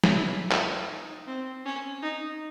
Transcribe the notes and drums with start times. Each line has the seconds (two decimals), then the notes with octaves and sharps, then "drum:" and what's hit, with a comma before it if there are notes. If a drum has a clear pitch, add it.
0.04 drum: snare
0.15 E4
0.51 E4, drum: clap
0.90 D#4
1.27 C4
1.65 C#4
2.02 D#4